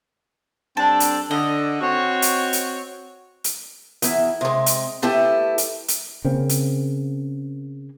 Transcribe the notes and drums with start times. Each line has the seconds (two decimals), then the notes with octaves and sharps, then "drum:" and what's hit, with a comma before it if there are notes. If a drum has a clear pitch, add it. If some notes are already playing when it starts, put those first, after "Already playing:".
0.77 G2 C4 D4 A4
1.00 drum: hi-hat
1.31 D3 D#5
1.81 C4 F#4 C#5
2.22 drum: hi-hat
2.53 drum: hi-hat
3.44 drum: hi-hat
4.02 E2 E4, drum: hi-hat
4.41 C3 G#3
4.66 drum: hi-hat
5.02 A3 E4 G4 A4 B4
5.58 drum: hi-hat
5.88 drum: hi-hat
6.25 C#3 A#3 C4 C#4
6.49 drum: hi-hat